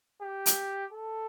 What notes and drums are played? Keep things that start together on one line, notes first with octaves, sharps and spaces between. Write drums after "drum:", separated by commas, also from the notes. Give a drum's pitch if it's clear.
G4
drum: hi-hat
A4